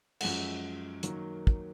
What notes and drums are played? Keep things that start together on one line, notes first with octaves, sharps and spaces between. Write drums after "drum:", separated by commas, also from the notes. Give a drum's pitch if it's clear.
F#2 F3 G#3 F#5, drum: cymbal
D#3 F#3 A#3, drum: hi-hat
drum: kick